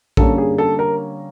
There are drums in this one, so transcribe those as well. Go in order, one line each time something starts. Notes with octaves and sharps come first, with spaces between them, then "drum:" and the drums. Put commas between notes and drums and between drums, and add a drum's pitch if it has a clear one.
D3 G3 A#3 C#4 A4, drum: kick A#1
G#4
A4
A#4